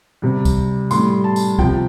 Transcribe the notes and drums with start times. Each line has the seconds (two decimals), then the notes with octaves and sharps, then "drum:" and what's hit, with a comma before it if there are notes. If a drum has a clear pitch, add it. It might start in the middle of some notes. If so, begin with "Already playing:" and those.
0.22 C3 G3
0.45 drum: kick, tambourine
0.91 A2 G3 C6, drum: tambourine
1.24 A5
1.36 drum: tambourine
1.59 C3 F3 G5, drum: kick